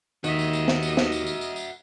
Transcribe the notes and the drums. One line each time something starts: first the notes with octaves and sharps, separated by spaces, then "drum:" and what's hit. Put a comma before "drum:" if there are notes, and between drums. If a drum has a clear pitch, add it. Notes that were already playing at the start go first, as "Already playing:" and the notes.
D#2 D#3 F#4 D#5 E5, drum: tambourine
drum: tambourine
drum: tambourine
drum: snare
drum: tambourine
drum: snare
drum: tambourine
drum: tambourine
drum: tambourine
drum: tambourine